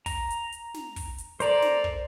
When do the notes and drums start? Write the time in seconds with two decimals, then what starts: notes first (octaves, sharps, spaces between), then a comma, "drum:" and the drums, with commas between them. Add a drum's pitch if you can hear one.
0.06 A#5, drum: kick, open hi-hat
0.30 drum: hi-hat
0.52 drum: hi-hat
0.74 drum: snare
0.96 drum: kick, open hi-hat
1.18 drum: hi-hat
1.40 A4 A#4 C5 D5 A#5, drum: hi-hat
1.62 drum: snare
1.84 drum: kick